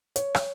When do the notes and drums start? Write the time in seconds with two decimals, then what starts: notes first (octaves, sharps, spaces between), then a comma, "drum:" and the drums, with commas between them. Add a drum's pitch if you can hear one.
0.16 C#5, drum: hi-hat
0.35 drum: rim click